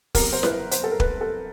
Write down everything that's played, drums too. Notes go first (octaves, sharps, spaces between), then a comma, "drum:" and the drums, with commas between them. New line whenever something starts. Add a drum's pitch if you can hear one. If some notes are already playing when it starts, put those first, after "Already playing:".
F#1 E2 C3 A#4, drum: kick, open hi-hat
C5
B4, drum: snare E4
C5, drum: hi-hat
A4
A#4
B4, drum: kick
A4